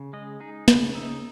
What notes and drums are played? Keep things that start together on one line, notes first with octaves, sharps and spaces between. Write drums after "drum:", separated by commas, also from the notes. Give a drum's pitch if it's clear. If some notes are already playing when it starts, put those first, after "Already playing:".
Already playing: C#3
G#3 D#5
D#4 G#4
C#3 B4, drum: snare
D#4 E5